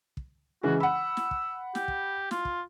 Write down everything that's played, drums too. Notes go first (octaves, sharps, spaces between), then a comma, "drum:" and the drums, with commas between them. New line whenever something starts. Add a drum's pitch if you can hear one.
drum: kick
C#3 E3 G#3 F#4
F#5 B5 E6
drum: snare
drum: kick
G4, drum: snare
drum: kick
F4, drum: snare
drum: kick